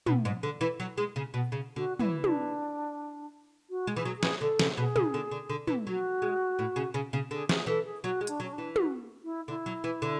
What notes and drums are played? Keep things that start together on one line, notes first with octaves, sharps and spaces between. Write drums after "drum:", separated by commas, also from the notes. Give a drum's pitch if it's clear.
B2, drum: tom
G#2
D3
E3
F#3
G#3
C#3
B2
C#3
D3 F#4
E3 E4, drum: tom
D4, drum: tom
F#4
G#3
E3 G#4
F#3
G#4
E3, drum: snare
D3 A4
C#3, drum: snare
B2 G#4
C#3, drum: tom
D3
D3
D3
E3, drum: tom
F#3 F#4
G#3
A2
C#3
C#3
C#3
D3 G#4
G#4, drum: snare
E3 A4
G#4
F#3 F#4
G#3
D4, drum: hi-hat
F#3 C#4
D4
E3
F#4, drum: tom
E4
D3 E4
F#3
E3
D3